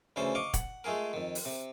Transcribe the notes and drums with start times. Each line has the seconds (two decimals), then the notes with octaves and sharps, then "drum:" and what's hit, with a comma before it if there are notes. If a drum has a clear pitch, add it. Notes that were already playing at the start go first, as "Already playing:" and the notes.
0.16 D2 C#3 E3 C#4 C5 A5
0.35 D#5 F5 C#6 D6
0.54 F#5, drum: kick, hi-hat
0.84 G#3 A3 F4 G#4 A#4
1.13 F2 D#3
1.35 drum: open hi-hat
1.45 C3